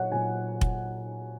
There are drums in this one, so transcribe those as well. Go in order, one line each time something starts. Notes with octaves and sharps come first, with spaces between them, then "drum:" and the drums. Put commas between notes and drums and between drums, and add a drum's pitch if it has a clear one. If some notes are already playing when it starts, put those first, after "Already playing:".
Already playing: A#2 F#3 C#5 F#5
A#2 F#3 G#5
drum: kick F1